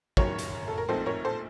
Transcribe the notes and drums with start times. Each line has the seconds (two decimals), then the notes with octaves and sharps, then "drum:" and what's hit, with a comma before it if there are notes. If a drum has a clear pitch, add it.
0.17 F#1 F#2 D#3 A#4 C#5, drum: kick
0.38 drum: hi-hat
0.68 A4
0.78 A#4
0.88 A#1 A#2 A3 C4 D#4 A4 C5
1.06 A#4 C#5
1.25 A4 C5